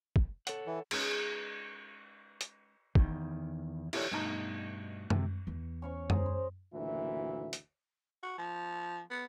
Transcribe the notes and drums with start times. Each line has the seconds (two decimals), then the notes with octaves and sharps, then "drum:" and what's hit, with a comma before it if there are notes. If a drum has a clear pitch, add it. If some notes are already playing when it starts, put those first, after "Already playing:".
0.16 drum: kick
0.47 A4 C#5 F#5, drum: hi-hat
0.67 E3
0.91 G#3 C#4 D#4 B4, drum: cymbal
2.41 drum: hi-hat
2.95 E2 D#3, drum: kick
3.93 E4 G4 A4 A#4 C#5 D5, drum: cymbal
4.11 G2 B2 A3 D#4 A5 A#5
5.10 C3, drum: tom F#2
5.47 E2
5.82 C#4 C#5 C#6
6.10 G#4 A#4 C5, drum: tom F#2
6.26 C5
6.74 F#1 D2 A#2 E3 F#4 E5
7.53 drum: hi-hat
8.23 F#4
8.38 F3
9.11 B3